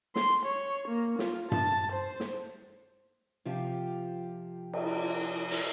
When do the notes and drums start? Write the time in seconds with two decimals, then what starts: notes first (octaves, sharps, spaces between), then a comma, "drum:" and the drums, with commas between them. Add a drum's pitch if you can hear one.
0.16 C6, drum: snare
0.46 C#5
0.88 A#3
1.19 F4, drum: snare
1.52 A5, drum: tom G2
1.92 C5
2.20 drum: snare
3.45 C3 F3 F4 G4
4.73 drum: cymbal
5.51 drum: open hi-hat